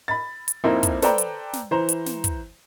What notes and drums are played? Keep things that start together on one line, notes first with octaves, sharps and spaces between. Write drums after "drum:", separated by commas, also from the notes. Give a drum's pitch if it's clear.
B5 A6
drum: hi-hat
F2 A#3 C4 D#4 E4
drum: kick, hi-hat
A4 B4 C5 D5 G5 A#5, drum: snare
drum: hi-hat
drum: snare
E3 C5 A#5
drum: hi-hat
drum: snare
drum: kick, hi-hat